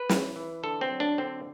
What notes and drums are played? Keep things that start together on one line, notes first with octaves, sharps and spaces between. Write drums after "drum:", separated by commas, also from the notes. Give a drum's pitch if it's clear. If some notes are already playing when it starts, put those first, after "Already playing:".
Already playing: B4
E3, drum: snare
E3
D3 A4
C4
F#3
D4
D3 C4